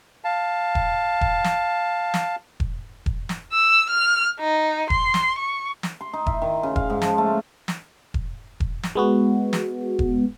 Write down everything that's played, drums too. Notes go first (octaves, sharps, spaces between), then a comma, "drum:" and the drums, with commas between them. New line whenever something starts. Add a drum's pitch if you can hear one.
F5 A5
drum: kick E1
drum: kick E1
drum: snare
drum: snare
drum: kick E1
drum: kick E1
drum: snare
E6
F6
D#4
C6, drum: kick E1
drum: snare
C#6
drum: snare
C6
D#4
E4, drum: kick E1
D#3
C#3
F5, drum: kick E1
G#2
F3, drum: snare
A3
drum: snare
drum: kick E1
drum: kick E1
drum: snare
G#3 B3 F#4
drum: snare
drum: kick E1